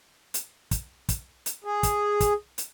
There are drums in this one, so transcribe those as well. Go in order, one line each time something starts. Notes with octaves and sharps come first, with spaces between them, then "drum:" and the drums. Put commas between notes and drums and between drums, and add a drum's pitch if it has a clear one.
drum: hi-hat
drum: kick, hi-hat
drum: kick, hi-hat
drum: hi-hat
G#4
drum: kick, hi-hat
drum: kick, hi-hat
drum: hi-hat